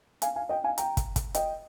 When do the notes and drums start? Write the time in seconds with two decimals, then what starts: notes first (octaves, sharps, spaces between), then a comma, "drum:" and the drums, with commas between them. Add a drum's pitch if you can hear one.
0.22 F5 G#5, drum: hi-hat
0.36 F5 G#5
0.49 D#5 G5
0.64 F5 G#5
0.78 G5 A#5, drum: hi-hat
0.97 drum: kick, hi-hat
1.16 drum: kick, hi-hat
1.34 D#5 G5, drum: hi-hat